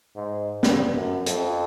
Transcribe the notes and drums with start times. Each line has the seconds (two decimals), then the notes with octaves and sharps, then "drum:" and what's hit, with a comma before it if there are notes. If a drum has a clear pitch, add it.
0.16 G#2
0.63 G2, drum: snare
0.94 F#2
1.26 F2, drum: hi-hat